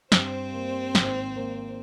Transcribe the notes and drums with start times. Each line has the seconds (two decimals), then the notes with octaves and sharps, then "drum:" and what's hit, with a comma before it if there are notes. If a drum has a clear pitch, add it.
0.12 G2 C4 C5, drum: snare
0.53 A#3
0.95 G#1, drum: snare
1.36 A#3